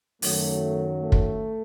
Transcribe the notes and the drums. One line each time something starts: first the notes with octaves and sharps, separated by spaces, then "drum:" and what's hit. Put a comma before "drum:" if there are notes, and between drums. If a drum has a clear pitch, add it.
F#2 D#3 F#3 A3, drum: open hi-hat
A3
drum: kick